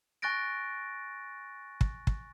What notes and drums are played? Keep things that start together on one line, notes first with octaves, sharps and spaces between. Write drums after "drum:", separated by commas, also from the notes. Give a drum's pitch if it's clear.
G#5 C#6 F#6 A6 A#6 D7
drum: kick
drum: kick